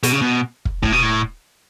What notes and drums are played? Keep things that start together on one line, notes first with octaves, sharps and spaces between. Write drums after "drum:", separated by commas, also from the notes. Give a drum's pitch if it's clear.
B2, drum: hi-hat
C#3
B2
drum: kick
A2, drum: kick
B2
A2